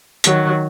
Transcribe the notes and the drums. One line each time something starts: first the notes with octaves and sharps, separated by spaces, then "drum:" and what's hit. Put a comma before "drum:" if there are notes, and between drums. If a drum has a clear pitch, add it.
D#3 F#3, drum: hi-hat